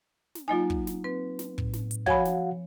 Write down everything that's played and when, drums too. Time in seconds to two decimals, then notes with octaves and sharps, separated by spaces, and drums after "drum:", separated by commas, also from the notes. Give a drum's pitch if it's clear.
0.35 drum: snare
0.48 F#3 A#3 D#4 F4 D#5 G#5
0.70 drum: kick
0.87 drum: snare
1.04 C4 B4
1.39 drum: snare
1.58 A2, drum: kick
1.73 drum: snare
1.91 drum: hi-hat
2.06 F3 F#4 C#5 F5 F#5 G#5 B5, drum: kick
2.25 drum: snare